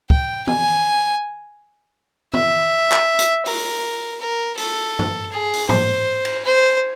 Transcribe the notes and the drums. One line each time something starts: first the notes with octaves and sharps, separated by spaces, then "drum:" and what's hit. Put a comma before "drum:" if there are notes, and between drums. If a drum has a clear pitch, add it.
G5, drum: kick
G#5, drum: tom
E5, drum: tom
drum: clap
drum: hi-hat
A#4, drum: open hi-hat
A#4
A4, drum: open hi-hat
drum: tom G2
G#4
drum: open hi-hat
C5, drum: tom
drum: cymbal
C5